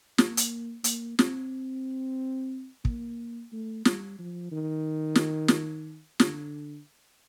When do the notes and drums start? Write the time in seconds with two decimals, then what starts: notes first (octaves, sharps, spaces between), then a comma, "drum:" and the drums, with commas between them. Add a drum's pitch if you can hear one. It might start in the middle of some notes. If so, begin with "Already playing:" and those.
0.18 A#3, drum: snare
0.37 drum: hi-hat
0.84 A#3, drum: hi-hat
1.19 C4, drum: snare
2.85 A#3, drum: kick
3.52 A3
3.85 G3, drum: snare
4.19 F3
4.52 D#3
5.15 drum: snare
5.48 drum: snare
6.20 D3, drum: snare